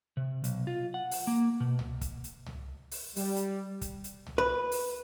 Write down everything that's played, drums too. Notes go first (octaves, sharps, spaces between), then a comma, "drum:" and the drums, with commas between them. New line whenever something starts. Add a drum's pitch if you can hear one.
C3
B1, drum: hi-hat
F4
F#5
drum: open hi-hat
A#3
B2
drum: tom
drum: kick, hi-hat
drum: hi-hat
drum: tom
drum: open hi-hat
G3, drum: open hi-hat
drum: hi-hat
drum: kick, hi-hat
drum: hi-hat
drum: tom
B4
drum: open hi-hat